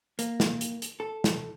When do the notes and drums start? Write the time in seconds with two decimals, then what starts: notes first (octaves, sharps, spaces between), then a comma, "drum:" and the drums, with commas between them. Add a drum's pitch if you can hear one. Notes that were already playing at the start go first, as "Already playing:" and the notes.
0.19 A#3, drum: hi-hat
0.40 drum: snare
0.61 drum: hi-hat
0.82 drum: hi-hat
1.00 A4
1.24 drum: snare